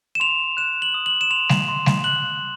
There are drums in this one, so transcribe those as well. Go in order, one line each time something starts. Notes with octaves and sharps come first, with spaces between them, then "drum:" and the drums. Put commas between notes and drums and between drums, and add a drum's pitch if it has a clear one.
E7
C6 F7
F#6 E7
F#7
D#6
F#7
E7
C6 F7
drum: snare G3
C6
drum: snare G3
F#6 F#7